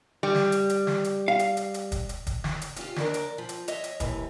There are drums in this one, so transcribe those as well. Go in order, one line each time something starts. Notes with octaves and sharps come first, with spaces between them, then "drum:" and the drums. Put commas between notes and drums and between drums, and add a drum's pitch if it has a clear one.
G3
drum: snare
drum: hi-hat
drum: hi-hat
drum: snare
drum: hi-hat
F5
drum: hi-hat
drum: hi-hat
drum: hi-hat
drum: kick, hi-hat
drum: hi-hat
drum: kick, hi-hat
drum: snare
drum: hi-hat
C#4 F4 G4, drum: hi-hat
D#2 D4 A#4, drum: snare
drum: hi-hat
F3
drum: hi-hat
C#5 D#5 E5, drum: hi-hat
drum: hi-hat
D#2 C3 E3, drum: kick, hi-hat